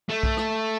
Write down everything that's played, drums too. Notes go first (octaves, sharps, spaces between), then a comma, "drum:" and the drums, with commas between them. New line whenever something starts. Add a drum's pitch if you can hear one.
A3
drum: kick B1
drum: rim click